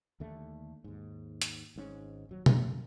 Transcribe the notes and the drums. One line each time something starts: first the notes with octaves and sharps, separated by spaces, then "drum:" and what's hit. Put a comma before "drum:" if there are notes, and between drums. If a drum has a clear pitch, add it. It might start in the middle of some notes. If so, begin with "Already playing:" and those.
D#2 D3 A3
D#2 G#2
drum: hi-hat
G#1 G#2 C#4
D#1 F#3
D3 A3, drum: tom B2
F#2